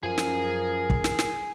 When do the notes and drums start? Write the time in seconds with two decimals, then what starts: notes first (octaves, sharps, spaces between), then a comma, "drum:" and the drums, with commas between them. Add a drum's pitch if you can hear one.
0.03 F#2 F3 G#4 A#4 G#5
0.18 drum: snare
0.90 drum: kick
1.04 drum: snare
1.19 drum: snare